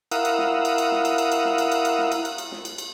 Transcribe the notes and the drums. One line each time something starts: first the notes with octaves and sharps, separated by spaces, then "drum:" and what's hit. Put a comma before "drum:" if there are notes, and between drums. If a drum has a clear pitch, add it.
E4 A#4 F5 F#5 D#6 E6, drum: cymbal
drum: cymbal
drum: snare
drum: cymbal
drum: cymbal
drum: snare
drum: cymbal
drum: cymbal
drum: cymbal
drum: snare
drum: cymbal
drum: cymbal
drum: cymbal
drum: snare
drum: cymbal
drum: cymbal
drum: cymbal
drum: snare
drum: cymbal
drum: cymbal